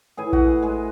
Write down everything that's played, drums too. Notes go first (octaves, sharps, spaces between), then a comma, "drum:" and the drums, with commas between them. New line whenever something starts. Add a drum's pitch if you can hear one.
A2 E3 G#4 G#5
F#4 F#5, drum: kick A#1
G#3 G#4